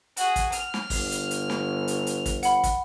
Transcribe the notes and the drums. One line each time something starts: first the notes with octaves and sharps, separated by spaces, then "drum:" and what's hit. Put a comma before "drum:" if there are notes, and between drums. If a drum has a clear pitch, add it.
F#4 G#4, drum: hi-hat
drum: kick, hi-hat
F6, drum: hi-hat
drum: snare
G1, drum: kick, open hi-hat
drum: hi-hat
drum: hi-hat
drum: snare
drum: hi-hat
drum: hi-hat
drum: kick, hi-hat
F#5 B5, drum: hi-hat
drum: kick, hi-hat